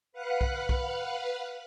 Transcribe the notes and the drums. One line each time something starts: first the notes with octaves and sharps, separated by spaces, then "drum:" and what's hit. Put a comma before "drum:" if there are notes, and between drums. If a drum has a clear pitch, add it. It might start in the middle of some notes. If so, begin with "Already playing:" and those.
B4 F5 F#5 F#6
drum: kick B1
drum: kick B1